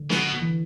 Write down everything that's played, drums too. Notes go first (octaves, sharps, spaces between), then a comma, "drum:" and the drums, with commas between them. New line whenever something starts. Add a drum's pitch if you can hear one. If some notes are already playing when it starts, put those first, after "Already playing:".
Already playing: D3
B2, drum: snare
E3